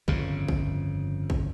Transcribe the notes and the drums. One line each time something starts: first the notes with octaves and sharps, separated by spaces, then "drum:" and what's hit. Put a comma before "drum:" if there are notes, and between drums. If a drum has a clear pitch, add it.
G1 F2 C#3, drum: kick
drum: kick
drum: kick